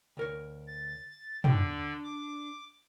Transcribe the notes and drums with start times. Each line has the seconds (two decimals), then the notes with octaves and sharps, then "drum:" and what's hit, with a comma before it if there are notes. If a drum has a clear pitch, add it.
0.17 D2 A#4 C#5
0.67 A6
1.44 D3 D4 G5, drum: tom
2.04 D6